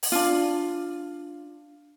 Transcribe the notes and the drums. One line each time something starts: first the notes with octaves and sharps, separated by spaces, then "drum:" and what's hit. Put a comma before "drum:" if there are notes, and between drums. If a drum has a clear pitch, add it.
drum: open hi-hat
D4 F4